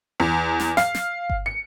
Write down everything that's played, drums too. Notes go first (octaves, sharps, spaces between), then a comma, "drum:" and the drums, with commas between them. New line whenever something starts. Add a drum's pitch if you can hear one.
E2
drum: snare
F5, drum: snare
drum: snare
drum: kick G1
C#7